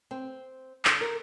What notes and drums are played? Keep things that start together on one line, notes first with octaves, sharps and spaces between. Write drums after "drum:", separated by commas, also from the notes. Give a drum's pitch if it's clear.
C4
D3, drum: clap
A#4